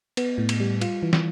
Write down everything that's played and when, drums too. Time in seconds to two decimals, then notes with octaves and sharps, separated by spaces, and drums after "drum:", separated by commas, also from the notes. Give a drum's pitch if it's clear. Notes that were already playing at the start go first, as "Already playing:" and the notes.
0.17 B3, drum: cymbal
0.38 A2
0.49 drum: cymbal
0.60 G3
0.81 F4, drum: cymbal
1.02 E3
1.13 drum: snare